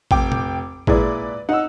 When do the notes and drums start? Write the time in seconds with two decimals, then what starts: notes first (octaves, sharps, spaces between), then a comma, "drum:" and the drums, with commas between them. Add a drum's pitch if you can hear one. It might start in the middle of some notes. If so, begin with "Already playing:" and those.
0.11 F1 G5 D6, drum: kick A1
0.32 drum: tom A#2
0.87 A#2 G#3 E4 B4 D5, drum: kick A1
1.49 D#4 F#5 E6